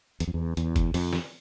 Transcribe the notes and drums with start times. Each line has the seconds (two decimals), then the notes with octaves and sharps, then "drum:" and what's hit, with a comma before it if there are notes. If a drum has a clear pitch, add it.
0.20 E2, drum: hi-hat
0.28 F2
0.34 E2
0.57 E2, drum: hi-hat
0.76 drum: kick, hi-hat
0.94 F2, drum: open hi-hat
1.13 drum: snare